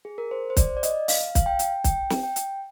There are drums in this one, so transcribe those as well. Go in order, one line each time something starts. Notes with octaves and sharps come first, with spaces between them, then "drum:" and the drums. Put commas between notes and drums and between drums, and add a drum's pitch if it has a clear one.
G#4
A#4
C5
C5
D5, drum: kick, hi-hat
D5
D#5, drum: hi-hat
F5, drum: open hi-hat
F5, drum: kick, hi-hat
G5
drum: hi-hat
G5, drum: kick, hi-hat
drum: snare
G5
drum: hi-hat